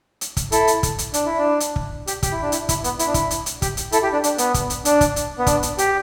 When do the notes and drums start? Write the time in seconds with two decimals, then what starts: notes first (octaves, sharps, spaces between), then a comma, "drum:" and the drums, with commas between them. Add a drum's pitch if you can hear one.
0.21 drum: hi-hat
0.37 drum: kick, hi-hat
0.52 E4 A4, drum: hi-hat
0.68 drum: hi-hat
0.83 drum: kick, hi-hat
0.98 drum: hi-hat
1.14 D4, drum: hi-hat
1.26 E4
1.38 D4
1.60 drum: hi-hat
1.76 drum: kick
2.07 G4, drum: hi-hat
2.23 G4, drum: kick, hi-hat
2.32 E4
2.43 D4
2.52 E4, drum: hi-hat
2.69 E4, drum: kick, hi-hat
2.84 B3, drum: hi-hat
2.99 E4, drum: hi-hat
3.07 D4
3.14 E4, drum: kick, hi-hat
3.31 drum: hi-hat
3.46 drum: hi-hat
3.62 G4, drum: kick, hi-hat
3.77 drum: hi-hat
3.92 E4 A4, drum: hi-hat
4.03 G4
4.13 D4
4.24 D4, drum: hi-hat
4.38 B3, drum: hi-hat
4.54 drum: kick, hi-hat
4.70 drum: hi-hat
4.85 D4, drum: hi-hat
5.01 drum: kick, hi-hat
5.16 drum: hi-hat
5.39 B3
5.47 D4, drum: kick, hi-hat
5.63 drum: hi-hat
5.78 G4, drum: hi-hat